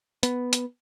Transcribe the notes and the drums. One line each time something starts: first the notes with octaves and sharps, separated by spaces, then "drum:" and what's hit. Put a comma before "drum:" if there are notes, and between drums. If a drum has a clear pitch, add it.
B3, drum: hi-hat
drum: hi-hat